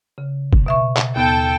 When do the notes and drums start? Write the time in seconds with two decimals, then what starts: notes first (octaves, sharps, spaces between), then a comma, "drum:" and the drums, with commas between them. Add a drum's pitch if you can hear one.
0.18 C#3
0.53 drum: kick
0.66 B2 E5 C#6
0.97 drum: clap
1.16 D#2 B3 A4 G5